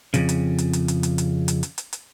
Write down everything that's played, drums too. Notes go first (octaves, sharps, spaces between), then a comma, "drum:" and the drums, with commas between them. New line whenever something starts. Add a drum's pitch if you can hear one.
F2 C#3, drum: hi-hat
drum: hi-hat
drum: hi-hat
drum: hi-hat
drum: hi-hat
drum: hi-hat
drum: hi-hat
drum: hi-hat
drum: hi-hat
drum: hi-hat
drum: hi-hat